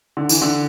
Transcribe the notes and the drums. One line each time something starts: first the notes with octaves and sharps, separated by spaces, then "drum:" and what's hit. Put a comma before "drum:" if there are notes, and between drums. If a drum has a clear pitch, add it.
D3
E3, drum: tambourine
D3